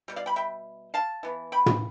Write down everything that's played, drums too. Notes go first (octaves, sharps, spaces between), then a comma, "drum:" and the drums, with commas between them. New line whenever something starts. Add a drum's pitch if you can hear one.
B2 G3
D5 F5
G5 B5
E5 G5
F5 A5
E3 B3
G5 B5
drum: tom